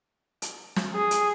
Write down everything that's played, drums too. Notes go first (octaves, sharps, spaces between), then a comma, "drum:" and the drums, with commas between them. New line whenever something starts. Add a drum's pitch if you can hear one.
drum: hi-hat
drum: snare
G#4
drum: hi-hat